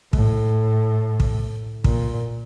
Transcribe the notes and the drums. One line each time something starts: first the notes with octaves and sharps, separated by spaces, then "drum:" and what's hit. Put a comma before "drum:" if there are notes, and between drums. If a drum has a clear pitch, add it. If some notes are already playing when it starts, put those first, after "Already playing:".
A2, drum: kick
drum: kick
A#2, drum: kick